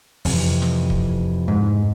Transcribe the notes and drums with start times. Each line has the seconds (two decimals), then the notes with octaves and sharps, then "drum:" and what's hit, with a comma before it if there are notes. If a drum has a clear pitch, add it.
0.25 F2 C3 E3, drum: open hi-hat
0.62 drum: snare
0.90 drum: kick
1.48 G#2